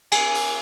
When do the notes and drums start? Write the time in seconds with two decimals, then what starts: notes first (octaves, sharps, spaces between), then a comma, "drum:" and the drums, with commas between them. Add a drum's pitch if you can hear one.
0.12 G#5, drum: cymbal
0.35 drum: open hi-hat